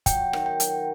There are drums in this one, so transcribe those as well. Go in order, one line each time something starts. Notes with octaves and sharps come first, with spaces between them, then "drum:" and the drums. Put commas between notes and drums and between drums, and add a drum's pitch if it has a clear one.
F#3 G5, drum: kick, hi-hat
D#3, drum: rim click
G5
F#3, drum: hi-hat